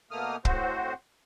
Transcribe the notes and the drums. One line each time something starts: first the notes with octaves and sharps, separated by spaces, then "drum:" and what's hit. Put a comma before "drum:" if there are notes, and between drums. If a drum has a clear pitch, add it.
B2 A3 A#3 D#6 F6
A2 C4 F#4 C5, drum: kick